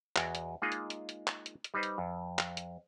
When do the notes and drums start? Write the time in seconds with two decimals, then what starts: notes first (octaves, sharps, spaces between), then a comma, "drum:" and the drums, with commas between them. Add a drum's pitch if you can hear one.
0.16 E2 F#4 D5 D#5 F#5 G#5, drum: clap
0.35 drum: hi-hat
0.62 G#3 A#3 D#4 F4 G#4 D#5
0.72 drum: hi-hat
0.90 drum: hi-hat
1.09 drum: hi-hat
1.27 drum: clap
1.46 drum: hi-hat
1.64 drum: hi-hat
1.74 G3 D#4 B4 C5
1.83 drum: hi-hat
1.98 F2
2.39 drum: clap
2.57 drum: hi-hat